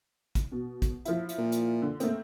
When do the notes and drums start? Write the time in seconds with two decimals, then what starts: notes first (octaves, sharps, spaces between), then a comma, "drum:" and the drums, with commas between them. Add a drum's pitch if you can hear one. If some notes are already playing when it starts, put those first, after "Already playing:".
0.35 drum: kick, hi-hat
0.52 B2
0.82 drum: kick, hi-hat
1.05 F3 E4, drum: hi-hat
1.29 drum: hi-hat
1.38 A#2
1.52 drum: hi-hat
1.82 D3
2.00 A3 A#3 C4, drum: hi-hat